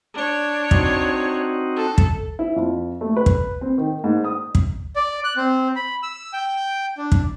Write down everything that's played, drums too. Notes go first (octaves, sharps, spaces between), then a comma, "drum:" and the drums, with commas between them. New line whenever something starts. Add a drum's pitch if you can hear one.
D4 C#5
C4 D#4 F#4, drum: kick
A4
drum: kick
E4
F2
A3
B4
drum: kick
C4
D#3
G#2
D#6
drum: kick
D5
F#6
C4
B5
E6
G5
D4
drum: kick